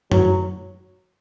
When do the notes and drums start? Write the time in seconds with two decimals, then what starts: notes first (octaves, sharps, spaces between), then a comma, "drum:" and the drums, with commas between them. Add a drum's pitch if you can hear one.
0.12 F#3, drum: tom